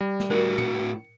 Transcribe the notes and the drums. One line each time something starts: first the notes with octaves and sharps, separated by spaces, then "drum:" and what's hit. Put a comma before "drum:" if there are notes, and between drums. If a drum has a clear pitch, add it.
G3
drum: snare
A2 F#4 A#4
C#7, drum: tom